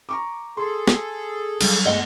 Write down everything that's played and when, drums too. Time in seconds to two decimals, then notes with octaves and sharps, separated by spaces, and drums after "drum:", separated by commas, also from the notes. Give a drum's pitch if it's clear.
0.09 A#5 C#6 D6
0.57 G#4 A4 C6
0.88 drum: snare
1.61 F#3 G3 D4, drum: cymbal
1.85 G1 D2 G#3 D#5 F#5